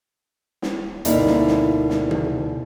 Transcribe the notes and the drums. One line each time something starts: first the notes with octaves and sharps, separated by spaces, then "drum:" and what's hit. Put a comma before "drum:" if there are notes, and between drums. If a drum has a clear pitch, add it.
drum: snare
D2 B2 A#3 D#4 E4 D5, drum: hi-hat
drum: snare
drum: snare
drum: snare
drum: tom